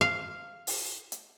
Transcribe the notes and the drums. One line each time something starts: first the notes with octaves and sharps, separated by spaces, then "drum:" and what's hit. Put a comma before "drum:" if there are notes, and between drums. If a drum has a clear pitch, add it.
F5
drum: open hi-hat
drum: hi-hat